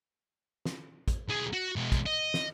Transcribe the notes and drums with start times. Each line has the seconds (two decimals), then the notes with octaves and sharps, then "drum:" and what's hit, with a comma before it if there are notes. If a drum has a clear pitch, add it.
0.65 drum: snare
1.08 drum: kick, hi-hat
1.29 B1 G#4
1.53 F#4
1.76 B2 G#3
1.92 drum: kick, hi-hat
2.06 D#5
2.34 drum: snare